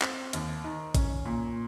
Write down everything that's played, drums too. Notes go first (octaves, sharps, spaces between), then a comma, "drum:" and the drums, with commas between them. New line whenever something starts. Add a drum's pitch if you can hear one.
C4, drum: clap
D#2, drum: hi-hat
D#3
C#4, drum: kick, hi-hat
A#2